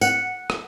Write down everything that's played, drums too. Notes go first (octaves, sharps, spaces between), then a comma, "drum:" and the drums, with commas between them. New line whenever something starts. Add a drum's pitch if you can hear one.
F#5, drum: tambourine
drum: rim click